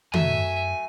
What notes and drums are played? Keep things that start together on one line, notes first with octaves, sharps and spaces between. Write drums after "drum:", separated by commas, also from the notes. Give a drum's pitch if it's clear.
F#2 F#3 A3 E5 G#5, drum: tom